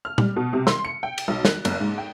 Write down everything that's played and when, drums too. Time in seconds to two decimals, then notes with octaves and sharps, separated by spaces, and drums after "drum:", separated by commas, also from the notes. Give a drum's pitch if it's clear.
0.05 F6
0.18 G3, drum: tom
0.36 B2
0.53 C3
0.67 C6, drum: snare
0.85 C#7
1.03 G5
1.18 drum: cymbal
1.28 B1
1.45 F#6, drum: snare
1.65 F#1, drum: cymbal
1.80 G#2
1.98 G5